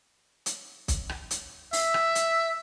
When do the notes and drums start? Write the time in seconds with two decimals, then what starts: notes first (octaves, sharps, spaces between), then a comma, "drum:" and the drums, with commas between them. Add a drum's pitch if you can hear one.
0.46 drum: hi-hat
0.88 drum: kick, hi-hat
1.09 drum: rim click
1.31 drum: hi-hat
1.73 E5, drum: open hi-hat
1.94 drum: rim click
2.15 drum: hi-hat